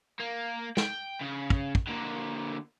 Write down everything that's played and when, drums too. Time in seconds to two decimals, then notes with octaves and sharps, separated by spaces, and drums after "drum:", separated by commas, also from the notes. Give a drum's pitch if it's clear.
0.19 A#3
0.77 G5, drum: snare
1.21 C#3
1.50 drum: kick
1.75 drum: kick
1.87 D3 A#3